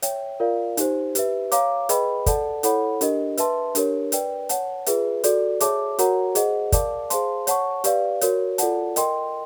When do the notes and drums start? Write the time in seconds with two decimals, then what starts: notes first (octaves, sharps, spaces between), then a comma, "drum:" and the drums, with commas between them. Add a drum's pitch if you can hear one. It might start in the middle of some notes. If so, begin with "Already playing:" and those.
0.02 C#5 E5 G5, drum: hi-hat
0.40 F4 A#4 D5 F5
0.77 D#4 G4 C5, drum: hi-hat
1.15 G4 B4 E5, drum: hi-hat
1.52 C#5 F5 A#5 D6, drum: hi-hat
1.89 G#4 B4 D#5 G5 B5, drum: hi-hat
2.26 A4 D5 F#5 A5, drum: kick, hi-hat
2.63 E4 A4 C#5 F#5 B5, drum: hi-hat
3.01 D4 G4 A#4 D#5, drum: hi-hat
3.37 B4 E5 A5 C6, drum: hi-hat
3.75 D4 G4 A#4 C#5, drum: hi-hat
4.12 B4 D5 G5, drum: hi-hat
4.49 C#5 F#5 A5, drum: hi-hat
4.86 F4 G#4 B4 E5, drum: hi-hat
5.24 F#4 A4 D5, drum: hi-hat
5.60 G#4 C#5 E5 A5 D6, drum: hi-hat
5.99 F#4 A#4 C#5 F#5 A#5, drum: hi-hat
6.35 G#4 C5 D#5 F#5, drum: hi-hat
6.72 A#4 D5 F5 A5 D6, drum: kick, hi-hat
7.10 G#4 C5 F5 A5 C6, drum: hi-hat
7.47 C#5 F#5 A5 C#6, drum: hi-hat
7.84 G4 B4 D5 F5, drum: hi-hat
8.21 F#4 A#4 C#5, drum: hi-hat
8.58 F4 A4 D5 F#5 A5, drum: hi-hat
8.96 A#4 D#5 G5 C6, drum: hi-hat